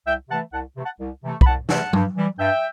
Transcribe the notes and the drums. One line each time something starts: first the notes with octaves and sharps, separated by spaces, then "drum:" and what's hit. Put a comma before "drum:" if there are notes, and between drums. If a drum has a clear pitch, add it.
C2 E5 G5
C3 E3 A3 F#5 A5
C2 F#5 A5
C3 E3 A3
F#5 A5
C2
C3 E3 A3
B5, drum: kick B1
C2 F#5 A5
C3 E3 A3 F#5 A5, drum: snare
G2, drum: tom F#3
E3 G3
G2 E5 G5